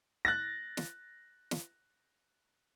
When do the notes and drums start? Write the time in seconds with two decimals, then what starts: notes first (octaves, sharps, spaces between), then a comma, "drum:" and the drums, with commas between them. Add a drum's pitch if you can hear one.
0.25 F#6 A6 A#6
0.77 drum: snare
1.51 drum: snare